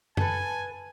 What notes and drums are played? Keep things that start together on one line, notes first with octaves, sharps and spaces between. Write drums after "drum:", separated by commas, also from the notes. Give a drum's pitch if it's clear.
A4 B4 G#5, drum: tom F#2